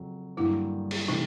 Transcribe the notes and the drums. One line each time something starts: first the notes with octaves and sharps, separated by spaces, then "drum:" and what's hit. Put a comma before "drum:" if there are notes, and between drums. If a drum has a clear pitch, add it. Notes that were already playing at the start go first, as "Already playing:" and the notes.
Already playing: F2 C#3 F#3
G2 D3 F#3 A#3 E4
drum: cymbal
C3 E3 A3 D#4